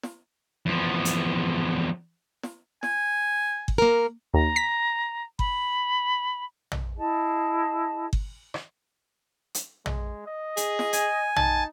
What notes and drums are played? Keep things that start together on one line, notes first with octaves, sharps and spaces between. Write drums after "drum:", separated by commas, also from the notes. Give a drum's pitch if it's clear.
drum: snare
E2 F3
drum: hi-hat
drum: snare
G#5, drum: snare
drum: kick G1
A#3 A#4
D#2 A#5
B6
B5, drum: kick G1
drum: tom A#1
E4 G#4 D#5 A5
drum: kick G1
drum: rim click
drum: hi-hat
G#3, drum: tom A#1
D#5
G#4, drum: hi-hat
drum: snare
G#5, drum: hi-hat
D#4 A5, drum: tom A#1